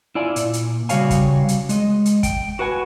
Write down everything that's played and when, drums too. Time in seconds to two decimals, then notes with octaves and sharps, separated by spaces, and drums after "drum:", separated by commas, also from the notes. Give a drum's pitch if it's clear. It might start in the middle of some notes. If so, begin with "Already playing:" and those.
0.15 E4 F4 D5 G#5
0.36 A#2, drum: hi-hat
0.53 drum: hi-hat
0.89 C#3 G3 F#4 C#5 F5 G#5, drum: hi-hat
1.10 drum: kick, hi-hat
1.48 drum: hi-hat
1.69 G#3 D#5, drum: hi-hat
2.05 drum: hi-hat
2.23 G5, drum: kick, hi-hat
2.59 F#4 B4 F#5 G#5